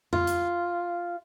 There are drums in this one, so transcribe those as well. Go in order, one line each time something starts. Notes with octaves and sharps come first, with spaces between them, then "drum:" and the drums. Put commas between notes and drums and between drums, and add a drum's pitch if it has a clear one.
F4, drum: tom F2
drum: hi-hat